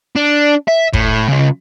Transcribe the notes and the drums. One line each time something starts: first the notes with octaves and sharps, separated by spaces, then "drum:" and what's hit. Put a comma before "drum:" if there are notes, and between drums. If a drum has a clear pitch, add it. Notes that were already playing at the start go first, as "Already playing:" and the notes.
D4
E5
A2, drum: kick
C#3 F4